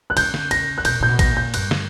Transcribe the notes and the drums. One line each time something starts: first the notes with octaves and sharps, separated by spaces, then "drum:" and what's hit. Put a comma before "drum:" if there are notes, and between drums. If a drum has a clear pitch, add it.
F#6
C#3 G6, drum: cymbal
drum: snare
A#6, drum: cymbal
F#6
B2 G6, drum: cymbal
A#2 G6
B2
A#6, drum: kick, cymbal
A#2
G6
G2 F#6, drum: cymbal
drum: snare